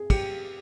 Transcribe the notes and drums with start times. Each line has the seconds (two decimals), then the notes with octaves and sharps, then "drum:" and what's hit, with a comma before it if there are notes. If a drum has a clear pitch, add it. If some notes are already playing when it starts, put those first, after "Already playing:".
Already playing: G#4
0.10 G4, drum: kick, cymbal